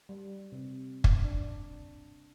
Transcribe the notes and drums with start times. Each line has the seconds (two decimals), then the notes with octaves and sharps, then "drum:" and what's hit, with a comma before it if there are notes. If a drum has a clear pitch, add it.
0.09 G3
0.52 C3
1.04 drum: kick
1.24 D4